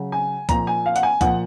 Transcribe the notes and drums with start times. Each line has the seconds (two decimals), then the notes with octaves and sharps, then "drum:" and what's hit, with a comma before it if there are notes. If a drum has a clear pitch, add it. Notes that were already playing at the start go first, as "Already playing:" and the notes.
Already playing: C#3 F#3
0.12 G#5
0.49 A#2 F3 A#5, drum: kick C2, hi-hat
0.67 G#5
0.86 F5
0.96 F#5, drum: hi-hat
1.03 G#5
1.21 A#2 F3 F#5, drum: kick C2, hi-hat